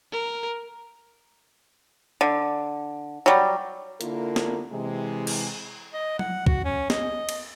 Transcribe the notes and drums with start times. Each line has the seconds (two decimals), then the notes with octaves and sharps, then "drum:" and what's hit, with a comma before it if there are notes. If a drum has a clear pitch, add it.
0.12 A#4
2.21 D3
3.26 F#3 G3
4.01 D3 A#3 E4 F4 A#4, drum: hi-hat
4.36 drum: snare
4.72 C3 E3 G#3
5.27 drum: cymbal
5.94 D#5
6.19 F#5, drum: tom F#3
6.46 F#4, drum: kick
6.65 C#4
6.90 D#5, drum: snare
7.29 drum: cymbal